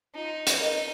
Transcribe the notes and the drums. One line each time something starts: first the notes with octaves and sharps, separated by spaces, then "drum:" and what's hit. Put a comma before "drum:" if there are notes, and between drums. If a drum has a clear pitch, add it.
D#4 F4
drum: hi-hat
D#4 A#4 D#5